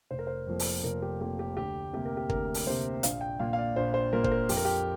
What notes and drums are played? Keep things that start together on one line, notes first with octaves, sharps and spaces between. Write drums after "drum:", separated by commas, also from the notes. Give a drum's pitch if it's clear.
F1 C5
A#4
C5
F2 F3 A#3
drum: open hi-hat
F1 A#4
G4
F2 F3 A#3 G4
G4
D2 G4
C3 A#3 G4
A#4
G4
D2 A#4, drum: kick
drum: open hi-hat
C3 A#3 C5
A#1 F5, drum: hi-hat
G5
A#2 A#3 F5
F5
D5
A#1 C5
C5
A#2 A#3 A#4
C5, drum: kick
A#4
F2 G4, drum: open hi-hat
A#4
G4